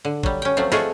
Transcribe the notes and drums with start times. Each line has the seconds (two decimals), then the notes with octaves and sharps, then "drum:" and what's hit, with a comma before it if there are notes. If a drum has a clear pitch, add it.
0.05 D3
0.23 F#3 G3, drum: kick
0.42 C#4 G5
0.57 F3 F#3 A3 C4
0.72 G#3 A3 F4 F#4 G#4 A4, drum: snare